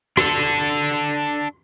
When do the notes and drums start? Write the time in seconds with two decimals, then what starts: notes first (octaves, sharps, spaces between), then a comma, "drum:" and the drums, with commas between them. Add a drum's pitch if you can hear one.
0.17 D4 A4, drum: rim click